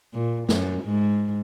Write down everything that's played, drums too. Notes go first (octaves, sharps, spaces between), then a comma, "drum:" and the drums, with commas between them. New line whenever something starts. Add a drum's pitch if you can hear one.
A#2
F#2, drum: snare
G#2